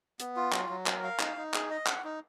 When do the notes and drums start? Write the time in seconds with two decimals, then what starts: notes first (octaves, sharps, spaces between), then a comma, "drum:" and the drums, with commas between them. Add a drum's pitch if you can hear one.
0.20 B3, drum: hi-hat
0.36 F4
0.52 F#3, drum: clap
0.69 F#3
0.86 A#4, drum: clap
1.03 F5
1.20 D#4, drum: clap
1.37 D#4
1.54 G#4, drum: clap
1.71 D#5
1.87 F#5, drum: clap
2.04 D#4